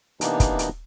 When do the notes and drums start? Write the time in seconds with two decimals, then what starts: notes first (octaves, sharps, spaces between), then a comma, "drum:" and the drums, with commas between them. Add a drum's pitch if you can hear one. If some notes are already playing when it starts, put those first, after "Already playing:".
0.21 C3 E3 A#3 B3 D4 D#4, drum: hi-hat
0.40 drum: kick, hi-hat
0.59 drum: hi-hat